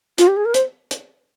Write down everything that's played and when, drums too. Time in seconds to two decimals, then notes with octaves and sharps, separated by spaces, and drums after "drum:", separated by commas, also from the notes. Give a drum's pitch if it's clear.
0.18 F4, drum: hi-hat
0.28 G4
0.37 G#4
0.45 A#4
0.54 C5, drum: hi-hat
0.91 drum: hi-hat